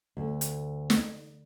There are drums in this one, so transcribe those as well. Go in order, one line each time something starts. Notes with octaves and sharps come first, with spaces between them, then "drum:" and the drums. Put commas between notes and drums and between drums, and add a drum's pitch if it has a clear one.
D2
drum: hi-hat
drum: snare